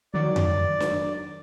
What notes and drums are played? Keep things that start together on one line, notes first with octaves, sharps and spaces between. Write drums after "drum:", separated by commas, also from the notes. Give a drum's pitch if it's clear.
D#3 F#3 D5
drum: tom F2
drum: snare D4